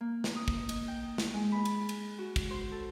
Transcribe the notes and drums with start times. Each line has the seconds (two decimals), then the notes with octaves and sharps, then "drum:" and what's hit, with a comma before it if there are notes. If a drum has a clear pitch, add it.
0.01 A#3
0.24 drum: snare
0.36 D#6
0.48 drum: kick
0.69 D#4, drum: cymbal
0.88 G5
1.18 drum: snare
1.34 G#3
1.52 B5
1.65 drum: cymbal
1.89 drum: cymbal
2.19 F#4
2.36 drum: kick, cymbal
2.51 C5
2.72 A4